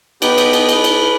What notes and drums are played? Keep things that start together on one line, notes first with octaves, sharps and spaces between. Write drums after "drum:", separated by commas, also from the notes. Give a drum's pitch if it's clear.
B3 D#4 G4 B4, drum: cymbal
drum: cymbal
drum: cymbal
drum: cymbal
drum: cymbal